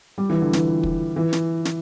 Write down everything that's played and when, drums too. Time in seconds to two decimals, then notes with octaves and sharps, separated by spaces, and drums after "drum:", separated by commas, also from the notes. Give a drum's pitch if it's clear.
0.18 G3
0.30 E3
0.42 D3
0.53 E3, drum: snare
0.83 drum: kick
1.16 E3
1.33 drum: snare
1.65 drum: snare